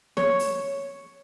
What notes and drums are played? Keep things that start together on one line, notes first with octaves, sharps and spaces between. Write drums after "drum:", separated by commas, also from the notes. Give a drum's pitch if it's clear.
C#5, drum: snare
drum: open hi-hat